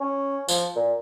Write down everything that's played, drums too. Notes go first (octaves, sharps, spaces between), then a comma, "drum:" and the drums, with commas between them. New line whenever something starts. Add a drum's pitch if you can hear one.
C#4
F3, drum: tambourine
A#2